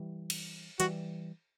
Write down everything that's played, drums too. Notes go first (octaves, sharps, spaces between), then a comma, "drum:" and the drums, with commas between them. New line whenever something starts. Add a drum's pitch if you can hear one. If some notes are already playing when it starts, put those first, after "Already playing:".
Already playing: E3 G3
drum: cymbal
E3 G3 F#4, drum: hi-hat